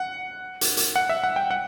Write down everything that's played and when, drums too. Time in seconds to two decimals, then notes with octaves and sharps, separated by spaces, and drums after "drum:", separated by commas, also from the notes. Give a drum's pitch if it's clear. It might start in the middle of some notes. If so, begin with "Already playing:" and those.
Already playing: F#5
0.61 drum: hi-hat
0.77 drum: hi-hat
0.96 F#5
1.09 E5
1.24 F#5
1.36 G5
1.51 F#5